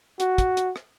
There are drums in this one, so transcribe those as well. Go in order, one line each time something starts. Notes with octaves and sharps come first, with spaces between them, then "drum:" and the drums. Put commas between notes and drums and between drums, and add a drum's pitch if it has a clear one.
F#4, drum: hi-hat
drum: kick, hi-hat
drum: hi-hat
drum: rim click